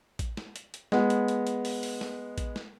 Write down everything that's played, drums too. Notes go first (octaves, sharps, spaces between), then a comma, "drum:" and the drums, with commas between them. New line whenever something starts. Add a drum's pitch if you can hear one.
drum: kick A1, hi-hat
drum: snare
drum: hi-hat
drum: hi-hat
G#3 B3, drum: snare
drum: hi-hat
drum: hi-hat
drum: hi-hat
drum: open hi-hat
drum: open hi-hat
drum: snare
drum: kick A1, hi-hat
drum: snare